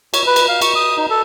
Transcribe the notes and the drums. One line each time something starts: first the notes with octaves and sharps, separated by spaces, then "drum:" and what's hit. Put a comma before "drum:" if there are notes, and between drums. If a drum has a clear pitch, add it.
C#5, drum: cymbal
B4
drum: cymbal
F5
C#6, drum: cymbal
D#6
D#4
A4